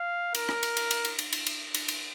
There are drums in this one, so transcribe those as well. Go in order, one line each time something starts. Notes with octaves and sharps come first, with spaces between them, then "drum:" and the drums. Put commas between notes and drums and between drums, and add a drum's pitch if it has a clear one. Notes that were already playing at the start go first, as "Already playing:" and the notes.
Already playing: F5
A#4, drum: cymbal
drum: rim click
drum: cymbal
drum: cymbal
drum: cymbal
drum: cymbal
drum: cymbal
drum: cymbal
drum: cymbal
drum: cymbal
drum: cymbal